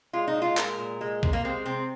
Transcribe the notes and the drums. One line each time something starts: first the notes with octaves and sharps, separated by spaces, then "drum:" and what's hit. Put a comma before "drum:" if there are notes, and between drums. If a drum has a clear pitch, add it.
G#3 F4
D#4
A#2
F4
G#3 A#4, drum: clap
A#2
G#3
C3, drum: kick A#1
A#3
G#3 C4
C3 C4